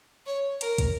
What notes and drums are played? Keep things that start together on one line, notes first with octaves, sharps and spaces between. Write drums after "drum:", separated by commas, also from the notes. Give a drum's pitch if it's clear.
C#5
A#4, drum: hi-hat
drum: kick, hi-hat